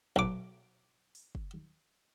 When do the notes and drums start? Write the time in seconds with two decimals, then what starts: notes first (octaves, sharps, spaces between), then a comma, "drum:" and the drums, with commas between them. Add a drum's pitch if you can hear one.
0.16 B1 D6, drum: kick
1.15 drum: open hi-hat
1.35 drum: kick